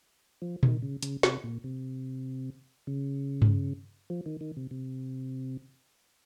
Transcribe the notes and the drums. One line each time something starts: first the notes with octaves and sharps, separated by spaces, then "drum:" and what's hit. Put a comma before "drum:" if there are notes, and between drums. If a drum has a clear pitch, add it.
F3
D#3, drum: tom A#2
C#3
C#3, drum: hi-hat
C3, drum: snare
A#2
C3
C#3
drum: tom G2
F3
D#3
D#3
C3
C3